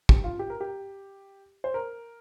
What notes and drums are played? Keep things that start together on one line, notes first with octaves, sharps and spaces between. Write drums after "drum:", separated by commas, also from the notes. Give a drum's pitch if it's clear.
G4, drum: kick
F4
G4
A#4
G4
C5
A#4